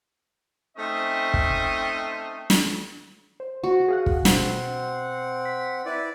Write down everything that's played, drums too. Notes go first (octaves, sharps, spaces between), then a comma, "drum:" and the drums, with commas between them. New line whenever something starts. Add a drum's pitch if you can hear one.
A3 C4 C#4 D#4 C5 D#5
drum: kick
drum: snare
C5
F#4
G#4 F5 F#5
drum: kick
B2 C4 F#5 C7, drum: snare
B6
E4 B4 D5